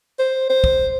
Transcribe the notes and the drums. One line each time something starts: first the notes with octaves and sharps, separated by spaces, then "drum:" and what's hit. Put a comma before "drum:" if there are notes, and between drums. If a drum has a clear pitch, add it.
C5
C5
drum: kick